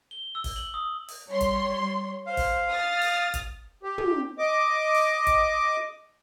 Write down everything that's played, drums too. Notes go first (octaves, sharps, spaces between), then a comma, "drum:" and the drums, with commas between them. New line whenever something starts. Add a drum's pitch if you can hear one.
G7
E6
drum: kick, open hi-hat
F#7
D#6
drum: open hi-hat
G3 C#5 C6
drum: kick, hi-hat
C5 F5
drum: kick, open hi-hat
D#6 F6 A6
drum: open hi-hat
drum: kick, hi-hat
G4
drum: tom
D#5 D6
drum: open hi-hat
drum: kick, hi-hat